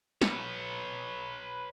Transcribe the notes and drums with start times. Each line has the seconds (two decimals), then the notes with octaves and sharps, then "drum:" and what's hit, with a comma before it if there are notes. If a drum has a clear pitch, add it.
0.22 B4 C#5, drum: snare